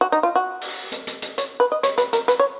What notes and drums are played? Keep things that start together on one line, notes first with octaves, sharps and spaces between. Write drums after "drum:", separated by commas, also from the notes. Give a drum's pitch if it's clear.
F#4
D#4
F4
F#4
drum: open hi-hat
drum: hi-hat
drum: hi-hat
drum: hi-hat
C#5, drum: hi-hat
B4
D#5
C#5, drum: hi-hat
B4, drum: hi-hat
A#4, drum: hi-hat
B4, drum: hi-hat
C#5